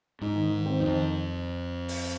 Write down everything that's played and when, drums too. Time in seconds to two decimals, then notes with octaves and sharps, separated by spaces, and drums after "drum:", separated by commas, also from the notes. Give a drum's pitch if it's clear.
0.21 G#2 D#4
0.36 D#3
0.51 D#3
0.66 C4
0.80 F2 D#4
0.95 D#3
1.88 drum: open hi-hat